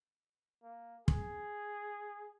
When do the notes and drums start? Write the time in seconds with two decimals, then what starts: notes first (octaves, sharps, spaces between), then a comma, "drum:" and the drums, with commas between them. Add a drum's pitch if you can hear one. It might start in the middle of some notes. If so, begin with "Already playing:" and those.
0.63 A#3
1.08 G#4, drum: kick